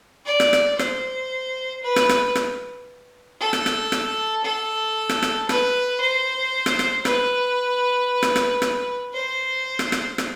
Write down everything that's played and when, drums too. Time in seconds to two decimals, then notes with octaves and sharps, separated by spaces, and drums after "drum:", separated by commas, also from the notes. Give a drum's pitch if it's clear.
0.26 D5
0.40 drum: rim click
0.53 drum: rim click
0.79 C5, drum: rim click
1.83 B4
1.96 drum: rim click
2.09 drum: rim click
2.35 drum: rim click
3.40 A4
3.53 drum: rim click
3.66 drum: rim click
3.92 drum: rim click
4.45 A4
5.09 drum: rim click
5.22 drum: rim click
5.49 B4, drum: rim click
6.01 C5
6.66 drum: rim click
6.79 drum: rim click
7.05 B4, drum: rim click
8.23 drum: rim click
8.36 drum: rim click
8.62 drum: rim click
9.14 C5
9.79 drum: rim click
9.92 drum: rim click
10.18 drum: rim click